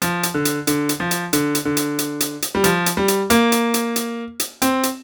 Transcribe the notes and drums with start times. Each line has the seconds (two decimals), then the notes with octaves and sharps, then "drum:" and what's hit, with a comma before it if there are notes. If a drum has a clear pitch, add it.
0.02 F3, drum: hi-hat
0.23 drum: hi-hat
0.34 D3
0.45 drum: hi-hat
0.67 D3, drum: hi-hat
0.89 drum: hi-hat
1.00 F3
1.11 drum: hi-hat
1.33 D3, drum: hi-hat
1.55 drum: hi-hat
1.65 D3
1.77 drum: hi-hat
1.99 drum: hi-hat
2.20 drum: hi-hat
2.42 drum: hi-hat
2.55 G3
2.64 F3, drum: hi-hat
2.86 drum: hi-hat
2.97 G3
3.08 drum: hi-hat
3.30 A#3, drum: hi-hat
3.52 drum: hi-hat
3.74 drum: hi-hat
3.96 drum: hi-hat
4.40 drum: hi-hat
4.62 C4, drum: hi-hat
4.83 drum: hi-hat